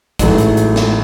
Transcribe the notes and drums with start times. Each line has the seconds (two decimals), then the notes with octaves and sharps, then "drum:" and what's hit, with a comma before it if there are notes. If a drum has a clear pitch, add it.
0.19 A1 G#2 F#3 A3, drum: kick, hi-hat
0.38 drum: hi-hat
0.57 drum: hi-hat
0.76 drum: snare